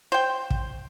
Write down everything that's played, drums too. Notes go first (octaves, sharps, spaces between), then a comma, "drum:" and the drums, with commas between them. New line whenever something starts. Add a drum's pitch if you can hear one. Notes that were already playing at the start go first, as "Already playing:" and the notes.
C5 G5
drum: kick